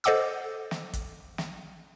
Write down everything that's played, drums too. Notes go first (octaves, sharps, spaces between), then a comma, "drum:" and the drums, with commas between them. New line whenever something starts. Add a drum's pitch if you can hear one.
A4 C5 D#5 F#5 D6 E6, drum: hi-hat
drum: snare
drum: kick, hi-hat
drum: snare